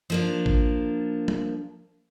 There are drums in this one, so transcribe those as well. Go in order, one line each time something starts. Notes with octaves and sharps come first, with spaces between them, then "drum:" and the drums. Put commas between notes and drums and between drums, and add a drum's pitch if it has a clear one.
F3 A#3 D4
drum: kick G#1
drum: tom